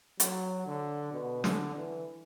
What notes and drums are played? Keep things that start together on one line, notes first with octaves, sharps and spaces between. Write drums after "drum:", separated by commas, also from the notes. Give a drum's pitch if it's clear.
F#3, drum: hi-hat
D3
B2
D3, drum: snare
E3